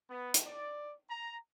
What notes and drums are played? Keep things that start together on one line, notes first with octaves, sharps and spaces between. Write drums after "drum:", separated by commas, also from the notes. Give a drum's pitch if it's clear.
B3
drum: hi-hat
D5
A#5